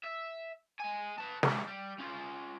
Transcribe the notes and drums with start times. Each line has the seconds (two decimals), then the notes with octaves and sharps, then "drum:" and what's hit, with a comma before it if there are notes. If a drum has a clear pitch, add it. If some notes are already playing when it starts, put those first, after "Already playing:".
0.04 E5
0.80 G#3 G#5
1.18 B4 A5
1.43 G3 G#3, drum: snare
1.67 G3
2.00 C#4 F4